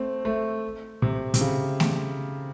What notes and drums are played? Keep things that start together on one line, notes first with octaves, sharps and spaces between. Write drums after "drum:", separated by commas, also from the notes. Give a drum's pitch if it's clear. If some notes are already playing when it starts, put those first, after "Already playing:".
Already playing: A3 C4
A3
C3
C3, drum: hi-hat
C#3
drum: snare A3